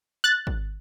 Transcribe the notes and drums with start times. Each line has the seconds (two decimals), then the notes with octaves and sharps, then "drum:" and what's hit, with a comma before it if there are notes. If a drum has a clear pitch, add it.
0.24 F#6 A6
0.47 drum: kick